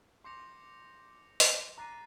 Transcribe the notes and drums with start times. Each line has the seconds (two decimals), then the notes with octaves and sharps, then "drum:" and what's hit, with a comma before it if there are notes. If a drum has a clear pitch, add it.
0.24 C6 D6 G6 A#6 C#7 F7
1.40 drum: open hi-hat
1.77 A#5 D6 F#6 A6 C7 D#7